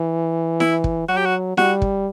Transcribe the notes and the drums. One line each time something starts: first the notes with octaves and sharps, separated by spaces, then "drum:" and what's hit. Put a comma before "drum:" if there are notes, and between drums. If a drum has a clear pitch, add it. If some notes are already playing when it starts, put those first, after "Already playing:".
Already playing: E3
E4, drum: snare E4
drum: kick
F#3 F#4
G4
F#4
G3 F#4, drum: snare E4
drum: kick